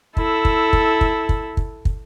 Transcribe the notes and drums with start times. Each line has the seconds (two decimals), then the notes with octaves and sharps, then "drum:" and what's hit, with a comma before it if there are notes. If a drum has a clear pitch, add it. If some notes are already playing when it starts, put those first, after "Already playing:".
0.17 E4 A4, drum: kick
0.45 drum: kick
0.73 drum: kick
1.01 drum: kick
1.29 drum: kick
1.57 drum: kick
1.85 drum: kick